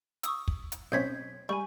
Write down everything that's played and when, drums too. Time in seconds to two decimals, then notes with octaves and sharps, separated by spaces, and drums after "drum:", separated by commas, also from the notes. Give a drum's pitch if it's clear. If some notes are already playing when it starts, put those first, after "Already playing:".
0.23 C#6 D#6 E6, drum: hi-hat
0.48 drum: kick
0.72 drum: hi-hat
0.92 B1 C4 C#4 G6 G#6 B6
1.49 G3 G#5 B5 C#6